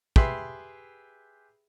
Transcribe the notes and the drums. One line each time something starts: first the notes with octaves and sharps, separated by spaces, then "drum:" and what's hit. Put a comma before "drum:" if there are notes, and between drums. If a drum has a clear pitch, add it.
G4 G#4 B4 E5 B5 C6, drum: kick